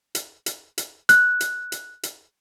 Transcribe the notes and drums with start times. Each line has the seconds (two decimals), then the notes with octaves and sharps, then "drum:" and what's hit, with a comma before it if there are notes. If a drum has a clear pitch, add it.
0.15 drum: hi-hat
0.46 drum: hi-hat
0.78 drum: hi-hat
1.09 F#6, drum: hi-hat
1.41 drum: hi-hat
1.72 drum: hi-hat
2.03 drum: hi-hat